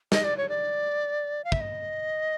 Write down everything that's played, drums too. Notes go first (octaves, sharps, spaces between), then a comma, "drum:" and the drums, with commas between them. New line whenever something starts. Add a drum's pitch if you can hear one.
D#5, drum: snare
D5
C#5
D5
F5
E5, drum: kick
D#5